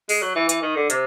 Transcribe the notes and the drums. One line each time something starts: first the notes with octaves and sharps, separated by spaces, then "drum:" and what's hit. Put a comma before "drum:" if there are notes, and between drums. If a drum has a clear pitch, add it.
G#3, drum: open hi-hat
F#3
E3
E3, drum: hi-hat
D#3
D3
C3, drum: hi-hat